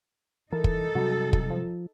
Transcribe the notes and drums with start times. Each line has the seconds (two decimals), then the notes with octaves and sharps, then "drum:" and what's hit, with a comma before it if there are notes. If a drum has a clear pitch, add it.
0.52 E3 D#4 A4 A#4
0.64 drum: kick
0.95 C3 F#3 G3 F#4
1.33 drum: kick
1.50 F3